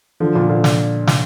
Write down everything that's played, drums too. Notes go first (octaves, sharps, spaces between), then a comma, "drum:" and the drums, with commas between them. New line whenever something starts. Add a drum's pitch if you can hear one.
D3 F3
A#2 D3
A#2 D3
drum: snare
drum: snare